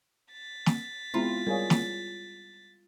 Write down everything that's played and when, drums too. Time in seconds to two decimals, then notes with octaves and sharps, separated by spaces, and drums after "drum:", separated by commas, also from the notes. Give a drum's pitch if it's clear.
0.32 A6 B6
0.66 drum: snare
1.14 G#3 B3 C4 E4 F4 A#5 B5
1.47 G3 G#4 A#4 C#5 F5
1.70 drum: snare